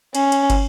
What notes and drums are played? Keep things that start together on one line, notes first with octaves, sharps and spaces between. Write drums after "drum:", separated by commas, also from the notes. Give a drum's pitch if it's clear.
C#4, drum: cymbal
drum: cymbal
drum: kick, cymbal